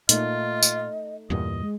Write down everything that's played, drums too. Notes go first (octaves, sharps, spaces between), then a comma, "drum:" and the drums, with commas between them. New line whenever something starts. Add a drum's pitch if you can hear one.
A#2 A3 D#4 F4 D#5, drum: hi-hat
drum: tambourine
E2 G2 A#2 D#5
G#3